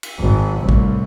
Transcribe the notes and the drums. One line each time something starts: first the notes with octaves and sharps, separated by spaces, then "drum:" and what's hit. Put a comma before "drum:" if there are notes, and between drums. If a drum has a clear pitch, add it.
drum: cymbal
G#1
C2 A2
drum: kick A1